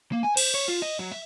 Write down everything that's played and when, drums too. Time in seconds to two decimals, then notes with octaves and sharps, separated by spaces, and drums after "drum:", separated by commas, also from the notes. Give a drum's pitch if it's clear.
0.13 A#3
0.24 G#5
0.37 C5, drum: cymbal
0.55 C#5
0.69 F4
0.82 D#5
0.99 F#3
1.12 E5